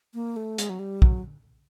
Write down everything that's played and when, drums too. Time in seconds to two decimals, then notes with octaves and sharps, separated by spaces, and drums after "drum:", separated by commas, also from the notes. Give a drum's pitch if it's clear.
0.14 A#3
0.36 A3
0.58 G#3, drum: hi-hat
0.70 F#3
0.79 G3
1.02 F#3, drum: kick